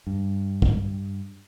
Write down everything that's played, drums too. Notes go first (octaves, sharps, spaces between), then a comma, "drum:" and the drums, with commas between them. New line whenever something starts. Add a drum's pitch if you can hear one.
G2
drum: kick